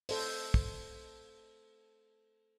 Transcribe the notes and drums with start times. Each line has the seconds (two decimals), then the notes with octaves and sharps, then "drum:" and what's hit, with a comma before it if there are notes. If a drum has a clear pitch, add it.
0.09 A4 C5, drum: open hi-hat
0.54 drum: kick